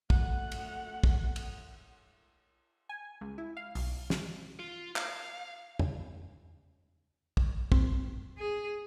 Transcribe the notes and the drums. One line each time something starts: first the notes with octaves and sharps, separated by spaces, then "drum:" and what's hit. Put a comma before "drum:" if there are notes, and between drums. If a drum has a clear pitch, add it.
A3 F#5, drum: kick
drum: cymbal
drum: kick
drum: cymbal
G#5
C#2
E4
F5
B1, drum: open hi-hat
drum: snare
F4
F5, drum: clap
drum: tom E2
drum: kick
D#2 C4, drum: kick
G#4